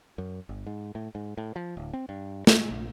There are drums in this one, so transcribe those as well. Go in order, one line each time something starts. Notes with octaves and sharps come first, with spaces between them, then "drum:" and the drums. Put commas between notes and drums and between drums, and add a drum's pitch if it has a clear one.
F#2
G1
G#2
A2
G#2
A2
F3
D1
C4
G2
G#3, drum: snare
A#1